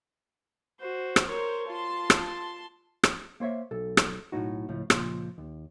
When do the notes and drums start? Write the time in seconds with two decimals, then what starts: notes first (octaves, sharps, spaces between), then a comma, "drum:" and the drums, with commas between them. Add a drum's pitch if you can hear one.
0.80 F#4 C5
1.16 drum: rim click
1.28 A#4 C5 C#5
1.68 F4 A5 C6
2.10 drum: rim click
3.04 drum: rim click
3.40 A#3 C5 C#5 E5
3.71 B1 A4
3.97 drum: rim click
4.32 B1 A2 D#4 F#4
4.69 C#2 A2 F3
4.90 C#2 A#2 F3 C6, drum: rim click
5.38 D#2